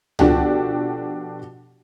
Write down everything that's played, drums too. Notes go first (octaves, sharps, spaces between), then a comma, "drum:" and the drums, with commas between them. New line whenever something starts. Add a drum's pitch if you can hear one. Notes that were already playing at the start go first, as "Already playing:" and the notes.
B2 F3 D4 F#4 G4 A4, drum: tom C#2